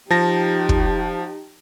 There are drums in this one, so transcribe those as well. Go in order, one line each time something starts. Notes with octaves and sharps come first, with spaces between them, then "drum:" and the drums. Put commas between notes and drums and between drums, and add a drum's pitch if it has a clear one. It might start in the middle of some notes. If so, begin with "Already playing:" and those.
F3 D#4 G4 A5 A#6
drum: kick